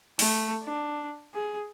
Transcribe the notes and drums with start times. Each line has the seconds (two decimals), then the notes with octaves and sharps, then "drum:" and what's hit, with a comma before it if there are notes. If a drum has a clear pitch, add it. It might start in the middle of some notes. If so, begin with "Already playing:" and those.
0.19 A3, drum: open hi-hat
0.63 D4
1.34 G#4